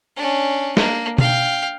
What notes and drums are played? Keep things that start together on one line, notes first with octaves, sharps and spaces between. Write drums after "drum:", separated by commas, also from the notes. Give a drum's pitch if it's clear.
C#4 D4
A#3 D4, drum: snare
F5 G5, drum: tom B2